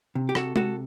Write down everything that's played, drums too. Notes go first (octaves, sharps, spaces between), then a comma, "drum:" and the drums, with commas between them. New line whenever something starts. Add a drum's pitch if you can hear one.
C3
G4
C3 F#4 A4, drum: rim click
C3 F#4 A4, drum: tom G#3